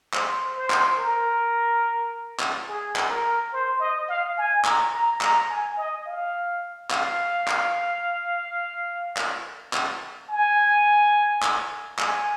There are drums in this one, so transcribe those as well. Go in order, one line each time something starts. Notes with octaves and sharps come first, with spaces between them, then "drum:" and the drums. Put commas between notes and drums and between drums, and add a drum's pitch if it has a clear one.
C5, drum: clap
C5
drum: clap
A#4
drum: clap
G#4
drum: clap
A#4
C5
D#5
F5
G#5
A#5, drum: clap
A#5
A#5, drum: clap
G#5
D#5
F5
F5, drum: clap
drum: clap
drum: clap
drum: clap
G#5
drum: clap
G#5, drum: clap